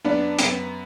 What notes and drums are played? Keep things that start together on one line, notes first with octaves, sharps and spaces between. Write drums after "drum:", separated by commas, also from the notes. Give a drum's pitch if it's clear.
F#2 B3 D4
F#2 B3, drum: hi-hat